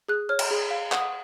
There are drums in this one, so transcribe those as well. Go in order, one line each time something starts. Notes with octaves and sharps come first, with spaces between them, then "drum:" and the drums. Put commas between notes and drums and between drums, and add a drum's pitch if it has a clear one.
G#4 F#6
C#5 F6
drum: cymbal
G#4
F5
F#5 D#6, drum: clap